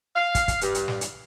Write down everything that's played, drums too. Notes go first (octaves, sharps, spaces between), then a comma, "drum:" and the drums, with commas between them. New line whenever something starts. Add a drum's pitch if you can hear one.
F5
drum: kick, hi-hat
drum: kick, hi-hat
G2, drum: hi-hat
drum: hi-hat
drum: snare
drum: hi-hat